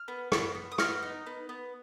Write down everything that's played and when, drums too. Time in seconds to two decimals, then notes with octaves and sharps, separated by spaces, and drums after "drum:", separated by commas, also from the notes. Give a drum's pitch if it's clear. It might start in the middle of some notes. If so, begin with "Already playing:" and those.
Already playing: F6
0.08 B3
0.32 B3, drum: rim click
0.55 B3
0.72 D#6
0.78 B3 F6, drum: rim click
1.03 D#4
1.27 B3
1.49 B3